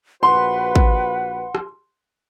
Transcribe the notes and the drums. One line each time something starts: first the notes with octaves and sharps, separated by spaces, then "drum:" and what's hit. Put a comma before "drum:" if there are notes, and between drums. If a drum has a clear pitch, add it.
A#1 F#4 B4 F#5 C6
drum: kick
drum: rim click